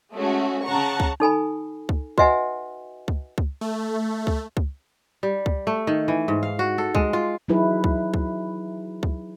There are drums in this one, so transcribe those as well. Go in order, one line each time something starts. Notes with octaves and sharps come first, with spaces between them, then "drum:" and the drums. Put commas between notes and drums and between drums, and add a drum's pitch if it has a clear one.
G#3 A3 C#4 F#4
C#3 F#5 A5 A#5 C#6
drum: kick C#2
D#4 A4 G#5 B5
drum: kick C#2
F#4 B4 D#5 E5 F#5 G#5, drum: kick C#2
drum: kick C#2
drum: kick C#2
A3
drum: kick C#2
drum: kick C#2
G3
drum: kick C#2
A3
D#3
E3
G#2
F5
F#4
A4
G#3, drum: kick C#2
F4
F#3 D#4 E4 G#4 B4
drum: kick C#2
drum: kick C#2
drum: kick C#2